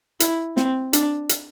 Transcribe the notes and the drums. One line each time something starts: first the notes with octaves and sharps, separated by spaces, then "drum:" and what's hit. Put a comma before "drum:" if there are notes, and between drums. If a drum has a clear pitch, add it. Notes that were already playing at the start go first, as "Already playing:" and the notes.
E4, drum: hi-hat
C4, drum: snare
D4, drum: hi-hat
drum: hi-hat